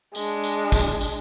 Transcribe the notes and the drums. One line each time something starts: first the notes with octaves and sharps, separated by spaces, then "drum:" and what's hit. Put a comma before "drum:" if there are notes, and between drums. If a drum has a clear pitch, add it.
G#3 D4, drum: tambourine
drum: tambourine
drum: kick, tambourine
drum: tambourine